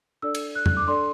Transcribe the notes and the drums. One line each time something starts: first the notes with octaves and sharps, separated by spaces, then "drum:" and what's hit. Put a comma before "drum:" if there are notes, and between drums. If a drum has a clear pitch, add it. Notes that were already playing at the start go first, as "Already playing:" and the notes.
D4 A4 D5 E6
drum: cymbal
F#6
F#6, drum: tom
D6
D4 A4 D5 C6